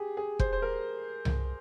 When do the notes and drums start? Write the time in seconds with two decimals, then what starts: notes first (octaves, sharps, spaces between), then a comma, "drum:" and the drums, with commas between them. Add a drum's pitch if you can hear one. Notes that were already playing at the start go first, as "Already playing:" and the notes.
Already playing: G4 G#4
0.17 G#4
0.39 C5, drum: kick
0.53 C5
0.62 A#4
1.25 drum: tom C2